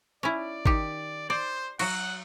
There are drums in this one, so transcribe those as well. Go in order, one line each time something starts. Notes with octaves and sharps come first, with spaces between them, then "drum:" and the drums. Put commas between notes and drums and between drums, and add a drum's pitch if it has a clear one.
C#4 E4 D5
D#3 G4, drum: kick
C5 D5
F#3 F#4 F#5, drum: cymbal